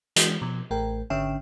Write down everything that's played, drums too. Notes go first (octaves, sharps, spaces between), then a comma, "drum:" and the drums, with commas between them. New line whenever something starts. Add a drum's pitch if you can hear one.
E3 G#3 F#4, drum: hi-hat
B2 F3
A1 A3 A#4 G5
G#1 D3 C#4 E5 G5